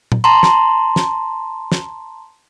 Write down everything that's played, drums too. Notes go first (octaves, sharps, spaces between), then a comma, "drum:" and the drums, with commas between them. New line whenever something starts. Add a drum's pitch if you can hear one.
drum: tom A#2
A5 A#5 C6
drum: snare
drum: snare
drum: snare